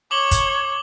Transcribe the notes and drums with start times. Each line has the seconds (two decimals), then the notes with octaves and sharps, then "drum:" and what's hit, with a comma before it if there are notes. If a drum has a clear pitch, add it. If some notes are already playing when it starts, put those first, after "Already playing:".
0.11 C#5 D6 F#7 G7
0.31 drum: kick, hi-hat